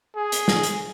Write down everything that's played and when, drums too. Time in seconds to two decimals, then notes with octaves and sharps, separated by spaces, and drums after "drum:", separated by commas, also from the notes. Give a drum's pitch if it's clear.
0.16 G#4
0.32 drum: hi-hat
0.48 drum: snare
0.63 drum: hi-hat